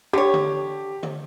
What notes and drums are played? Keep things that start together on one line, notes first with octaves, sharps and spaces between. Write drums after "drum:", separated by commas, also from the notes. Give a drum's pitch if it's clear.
D3 G4 C#5
drum: tom D3
drum: tom D3